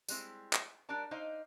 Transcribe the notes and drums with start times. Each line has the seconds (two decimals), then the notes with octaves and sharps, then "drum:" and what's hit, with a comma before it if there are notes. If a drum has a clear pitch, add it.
0.08 G3 G#3 C4 E4, drum: tambourine
0.53 drum: clap
0.89 G3 D4 A#4 D5 A5
1.11 D#4 C5 D5 D#5 F5